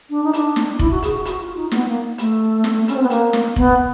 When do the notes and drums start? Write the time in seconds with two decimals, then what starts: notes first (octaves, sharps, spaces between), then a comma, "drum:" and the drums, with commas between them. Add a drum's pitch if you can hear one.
0.10 D4
0.24 D#4
0.33 D4, drum: hi-hat
0.56 drum: snare
0.73 D#4
0.79 E4, drum: kick F1
0.91 F#4
1.02 G#4, drum: hi-hat
1.14 F#4
1.25 F#4, drum: hi-hat
1.41 F4
1.56 D#4
1.72 B3, drum: snare
1.87 A#3
2.18 A3, drum: hi-hat
2.64 drum: snare
2.88 C#4, drum: hi-hat
2.95 C4
3.03 B3
3.10 A#3, drum: hi-hat
3.33 drum: snare
3.56 B3, drum: kick F1